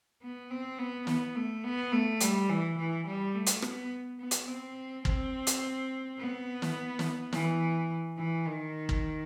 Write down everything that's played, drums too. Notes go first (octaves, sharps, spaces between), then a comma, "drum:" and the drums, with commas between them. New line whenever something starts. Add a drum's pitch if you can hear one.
B3
C4
B3
B3, drum: snare
A3
B3
A3
G3, drum: hi-hat
E3
E3
G3
A3
drum: hi-hat
B3, drum: rim click
B3
drum: hi-hat
C4
C4, drum: kick
drum: hi-hat
B3
drum: snare
drum: snare
E3, drum: snare
E3
D#3
drum: kick